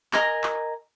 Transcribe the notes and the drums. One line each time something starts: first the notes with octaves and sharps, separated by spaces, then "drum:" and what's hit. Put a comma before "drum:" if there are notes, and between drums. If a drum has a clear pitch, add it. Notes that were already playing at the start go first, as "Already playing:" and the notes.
A#4 D#5 G#5 A#5, drum: clap
drum: clap